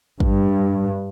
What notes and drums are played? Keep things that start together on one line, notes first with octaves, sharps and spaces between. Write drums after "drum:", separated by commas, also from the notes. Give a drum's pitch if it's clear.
G2, drum: kick